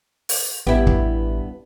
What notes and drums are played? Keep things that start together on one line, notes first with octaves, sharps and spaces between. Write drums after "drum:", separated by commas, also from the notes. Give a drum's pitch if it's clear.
drum: open hi-hat
A1 G2 B3 E4 G4
drum: kick